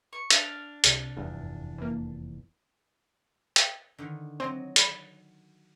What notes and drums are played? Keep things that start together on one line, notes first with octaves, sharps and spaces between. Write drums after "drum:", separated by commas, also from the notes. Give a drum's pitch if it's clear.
C#6
D4 F5, drum: hi-hat
C2 C3, drum: hi-hat
F1 E2 G2
E3 A#3
G5, drum: hi-hat
D3 D#3
F#3 C4 D#5
B5 E7, drum: hi-hat